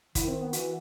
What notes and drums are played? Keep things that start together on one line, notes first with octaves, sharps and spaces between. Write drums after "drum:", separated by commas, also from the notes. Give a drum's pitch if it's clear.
D#3 E4, drum: kick, hi-hat
C4
B3
E3 F#4, drum: hi-hat